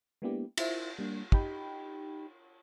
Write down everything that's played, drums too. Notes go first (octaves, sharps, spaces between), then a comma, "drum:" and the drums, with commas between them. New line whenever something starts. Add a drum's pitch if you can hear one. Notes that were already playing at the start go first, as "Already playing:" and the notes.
G#3 A#3 B3 D4 E4 G4
E4 F4 C5 E5, drum: cymbal
G3 A#3 D4
D#4 G4 G5 B5, drum: kick